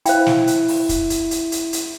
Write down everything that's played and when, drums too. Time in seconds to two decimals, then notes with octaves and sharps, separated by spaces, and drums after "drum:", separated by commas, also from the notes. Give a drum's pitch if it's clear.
0.06 E4 C5 F5 G5, drum: hi-hat
0.26 drum: snare
0.47 drum: hi-hat
0.68 drum: open hi-hat
0.89 drum: kick, hi-hat
1.10 drum: hi-hat
1.31 drum: hi-hat
1.52 drum: hi-hat
1.73 drum: hi-hat